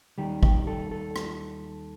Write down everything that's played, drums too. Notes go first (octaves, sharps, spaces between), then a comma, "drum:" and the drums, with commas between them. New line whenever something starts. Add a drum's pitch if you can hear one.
D#2 D#3 G3 G4
G4, drum: kick
A4
A4
drum: rim click